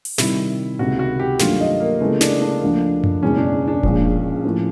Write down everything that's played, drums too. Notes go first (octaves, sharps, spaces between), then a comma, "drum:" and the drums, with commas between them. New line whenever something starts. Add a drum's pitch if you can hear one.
drum: open hi-hat
C3 D#3 G3 E4, drum: snare
C#2 C3 D#3 F#4
F#4
G4
G2 D#3 F#3 A3 F4, drum: snare
D#4
A#3
C#3 E3 G#3 A3 B3 E4
D4, drum: snare
D4
D2 D3 F3 A#3
drum: tom F#2
F#1 E2 B2 G#3 C#4
D4
D4
A#1 A#2 F3 G#3 C#4, drum: kick E1
A2 F3 A#3